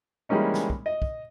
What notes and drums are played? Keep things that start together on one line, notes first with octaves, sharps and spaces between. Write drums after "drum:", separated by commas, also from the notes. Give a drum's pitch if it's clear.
E3 G3 G#3 A#3 C#4 D#4
drum: snare
drum: kick
D#5
drum: kick